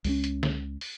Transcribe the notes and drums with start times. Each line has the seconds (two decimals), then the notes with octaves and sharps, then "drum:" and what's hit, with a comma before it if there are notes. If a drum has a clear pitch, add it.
0.05 C#2 F#3 C#4, drum: open hi-hat
0.24 drum: hi-hat
0.43 drum: snare
0.81 drum: open hi-hat